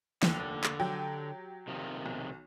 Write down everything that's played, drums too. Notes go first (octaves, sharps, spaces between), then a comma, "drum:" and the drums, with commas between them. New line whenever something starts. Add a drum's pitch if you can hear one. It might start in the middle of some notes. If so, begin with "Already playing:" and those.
F1 D#2 D3, drum: snare
drum: clap
F#3 G4 G5
C3 D#3 F3
B1